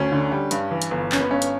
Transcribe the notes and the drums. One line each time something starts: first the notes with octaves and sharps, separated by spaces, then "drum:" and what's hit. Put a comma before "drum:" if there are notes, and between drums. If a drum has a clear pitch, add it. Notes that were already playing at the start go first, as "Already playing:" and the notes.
Already playing: D2 C#4
D3
G3
G2, drum: hi-hat
E3
drum: hi-hat
G1
G1 C#4, drum: clap
B3
G2 C#4
drum: hi-hat